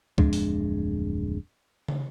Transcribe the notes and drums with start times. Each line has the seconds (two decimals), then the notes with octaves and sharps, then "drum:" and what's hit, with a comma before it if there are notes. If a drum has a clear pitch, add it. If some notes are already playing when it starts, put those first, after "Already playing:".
0.18 D1 F2 G#3 D4, drum: kick C#2
0.33 drum: open hi-hat
1.88 drum: tom